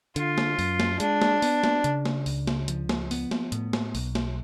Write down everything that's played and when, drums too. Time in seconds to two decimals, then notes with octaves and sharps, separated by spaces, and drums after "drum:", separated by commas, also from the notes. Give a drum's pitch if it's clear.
0.16 D3 F4, drum: hi-hat
0.38 drum: snare
0.59 F#2, drum: open hi-hat
0.80 drum: snare
1.00 G#3 D4, drum: hi-hat
1.22 drum: snare
1.42 B3, drum: open hi-hat
1.64 drum: snare
1.84 C#3, drum: hi-hat
2.05 drum: snare
2.26 C#2, drum: open hi-hat
2.47 drum: snare
2.68 F3, drum: hi-hat
2.89 drum: snare
3.11 B3, drum: open hi-hat
3.31 drum: snare
3.52 A2, drum: hi-hat
3.73 drum: snare
3.95 B1, drum: open hi-hat
4.15 drum: snare